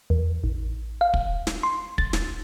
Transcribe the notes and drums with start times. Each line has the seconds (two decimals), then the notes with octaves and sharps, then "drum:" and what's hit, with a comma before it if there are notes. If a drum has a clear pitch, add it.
0.10 E2
0.44 A1
1.01 F5
1.14 drum: kick
1.47 drum: snare
1.63 C6
1.98 A6, drum: kick
2.13 drum: snare